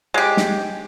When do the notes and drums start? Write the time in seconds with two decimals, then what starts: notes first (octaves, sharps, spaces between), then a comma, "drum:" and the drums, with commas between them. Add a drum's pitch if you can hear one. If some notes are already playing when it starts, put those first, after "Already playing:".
0.14 G#3 G4
0.37 drum: snare